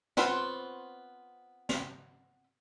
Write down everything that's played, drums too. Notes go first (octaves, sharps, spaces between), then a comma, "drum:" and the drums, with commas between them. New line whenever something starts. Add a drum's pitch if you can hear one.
B3 C4 F4 B4 C#5, drum: snare
drum: snare